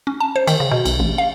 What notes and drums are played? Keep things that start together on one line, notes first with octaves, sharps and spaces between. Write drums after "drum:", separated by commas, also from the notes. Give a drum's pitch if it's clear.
C#4
A5
C5
D#3, drum: cymbal
C#3
B2
B1, drum: cymbal
A1
F5